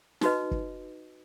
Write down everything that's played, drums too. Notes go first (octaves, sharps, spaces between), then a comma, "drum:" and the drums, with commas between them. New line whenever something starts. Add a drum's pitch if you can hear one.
D#4 F#4 B4 D#5, drum: snare
drum: kick